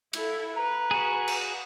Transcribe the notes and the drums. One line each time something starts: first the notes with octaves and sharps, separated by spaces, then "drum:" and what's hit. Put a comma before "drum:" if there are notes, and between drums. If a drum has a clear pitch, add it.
E4 A4, drum: cymbal
B4 A#5
F#4 G#4
drum: cymbal